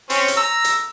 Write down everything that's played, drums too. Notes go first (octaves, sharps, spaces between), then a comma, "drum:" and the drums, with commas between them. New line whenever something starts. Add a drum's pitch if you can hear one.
C4 C#4, drum: hi-hat
drum: hi-hat
A#5 E6
drum: hi-hat